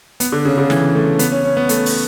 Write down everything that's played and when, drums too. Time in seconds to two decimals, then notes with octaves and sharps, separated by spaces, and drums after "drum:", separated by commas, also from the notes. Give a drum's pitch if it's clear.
0.20 B3, drum: hi-hat
0.32 D3
0.45 C#3
0.58 D3
0.70 E3, drum: snare
0.95 A3
1.19 B3, drum: hi-hat
1.32 C#4
1.45 C#4
1.57 B3
1.69 A3, drum: hi-hat
1.86 drum: open hi-hat